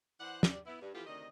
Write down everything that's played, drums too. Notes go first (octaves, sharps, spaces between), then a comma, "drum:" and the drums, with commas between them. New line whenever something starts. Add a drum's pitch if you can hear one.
E3 C5 D5 F#5
G3 D4 D5, drum: snare
B3 E4
G2
E3 F3 B3 F4 G4 A4
D2 C3 D#3 D4 D#5